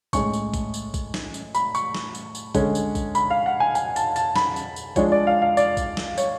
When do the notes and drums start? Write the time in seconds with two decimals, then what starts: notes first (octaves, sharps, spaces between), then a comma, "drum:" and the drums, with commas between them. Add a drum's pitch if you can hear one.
0.13 A2 G#3 C#4 C#6, drum: kick A#1, tambourine
0.33 drum: tambourine
0.54 drum: kick A#1, tambourine
0.74 drum: tambourine
0.94 drum: kick A#1, tambourine
1.14 drum: snare
1.34 drum: tambourine
1.55 B5, drum: tambourine
1.75 C#6, drum: tambourine
1.95 drum: snare
2.15 drum: tambourine
2.35 drum: tambourine
2.55 D3 G#3 C#4, drum: kick A#1, tambourine
2.75 drum: tambourine
2.95 drum: kick A#1, tambourine
3.15 B5, drum: tambourine
3.30 F5
3.46 F#5
3.60 G#5
3.75 G#5, drum: tambourine
3.96 A5, drum: tambourine
4.16 A5, drum: tambourine
4.36 B5, drum: snare
4.56 drum: tambourine
4.76 drum: tambourine
4.96 F3 G#3 D4 C#5, drum: kick A#1, tambourine
5.12 D5
5.27 F5
5.42 F5
5.57 D5, drum: tambourine
5.77 drum: kick A#1, tambourine
5.97 drum: snare
6.18 C#5, drum: tambourine